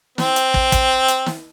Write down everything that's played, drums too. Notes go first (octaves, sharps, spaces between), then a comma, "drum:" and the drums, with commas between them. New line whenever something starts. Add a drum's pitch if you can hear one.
C4, drum: snare
drum: hi-hat
drum: kick
drum: kick, hi-hat
drum: hi-hat
drum: snare